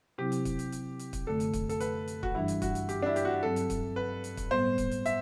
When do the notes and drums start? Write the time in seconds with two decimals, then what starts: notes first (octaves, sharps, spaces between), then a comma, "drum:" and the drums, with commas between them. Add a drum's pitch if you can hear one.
0.18 C3 F#3 C4 E4 G4
0.32 drum: hi-hat
0.45 drum: kick, hi-hat
0.59 drum: hi-hat
0.72 drum: hi-hat
0.99 drum: hi-hat
1.13 drum: kick, hi-hat
1.26 F#2 D3 A3 A4
1.40 drum: hi-hat
1.53 drum: kick, hi-hat
1.69 A4, drum: hi-hat
1.80 B4, drum: hi-hat
2.08 drum: hi-hat
2.23 F#4, drum: kick
2.35 G2 E3 G3 D4 E4
2.48 drum: hi-hat
2.62 F#4, drum: kick, hi-hat
2.75 drum: hi-hat
2.89 G4, drum: hi-hat
3.03 D4
3.06 E4
3.16 G4, drum: hi-hat
3.25 F#4
3.43 G2 F#3 C4 A4
3.56 drum: hi-hat
3.70 drum: kick, hi-hat
3.96 B4
4.24 drum: hi-hat
4.37 drum: kick, hi-hat
4.51 A2 G3 B3 C5
4.78 drum: kick, hi-hat
4.91 drum: hi-hat
5.06 E5, drum: hi-hat